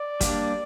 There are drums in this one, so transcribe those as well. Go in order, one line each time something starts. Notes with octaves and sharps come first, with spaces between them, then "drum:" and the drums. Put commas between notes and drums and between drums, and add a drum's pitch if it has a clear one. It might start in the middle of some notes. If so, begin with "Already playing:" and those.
Already playing: D5
G3 A#3 D4, drum: kick, hi-hat